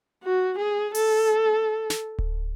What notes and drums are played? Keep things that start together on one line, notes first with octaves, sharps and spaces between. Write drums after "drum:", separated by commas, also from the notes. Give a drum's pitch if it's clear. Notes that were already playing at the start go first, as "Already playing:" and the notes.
F#4
G#4
A4, drum: open hi-hat
drum: snare
drum: kick D1